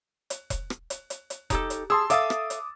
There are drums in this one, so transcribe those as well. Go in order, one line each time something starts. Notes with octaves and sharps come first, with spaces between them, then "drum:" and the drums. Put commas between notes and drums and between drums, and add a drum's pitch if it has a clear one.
drum: hi-hat
drum: kick E1, hi-hat
drum: rim click
drum: hi-hat
drum: hi-hat
drum: hi-hat
D#4 G4 A4, drum: kick E1, hi-hat
drum: hi-hat
G#4 A5 C6 E6
A4 E5 F5 D6 D#6 A6, drum: hi-hat
drum: rim click
drum: hi-hat